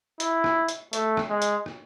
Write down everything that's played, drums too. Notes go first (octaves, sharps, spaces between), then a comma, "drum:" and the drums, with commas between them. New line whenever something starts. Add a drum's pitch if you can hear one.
E4, drum: hi-hat
drum: rim click
drum: hi-hat
A3, drum: hi-hat
drum: rim click
G#3
drum: hi-hat
drum: rim click